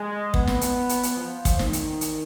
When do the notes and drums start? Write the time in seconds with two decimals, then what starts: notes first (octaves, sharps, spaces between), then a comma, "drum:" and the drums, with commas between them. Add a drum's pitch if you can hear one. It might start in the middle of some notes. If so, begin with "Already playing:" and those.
Already playing: G#3
0.34 B3, drum: kick
0.47 drum: snare
0.61 drum: hi-hat
0.89 drum: hi-hat
1.03 drum: hi-hat
1.17 F3
1.45 drum: kick, hi-hat
1.59 D#3, drum: snare
1.73 drum: hi-hat
2.01 drum: hi-hat